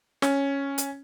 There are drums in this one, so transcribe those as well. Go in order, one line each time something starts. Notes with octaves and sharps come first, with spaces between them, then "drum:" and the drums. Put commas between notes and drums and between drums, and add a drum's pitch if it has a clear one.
C#4, drum: snare
drum: hi-hat